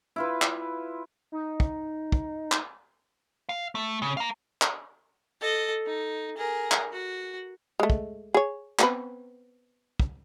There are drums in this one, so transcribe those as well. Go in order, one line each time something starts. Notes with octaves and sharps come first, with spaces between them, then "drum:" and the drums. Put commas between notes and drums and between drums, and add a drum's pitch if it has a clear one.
E4 F4 B4
drum: clap
D#4
drum: kick
drum: kick
drum: clap
F5
A3
C#3
F5 A#5
drum: clap
A4 D#5
D#4
G#4 A#4
drum: clap
F#4
G#3 A3
drum: kick
G#4 C#5
B3 C4 B4, drum: clap
drum: kick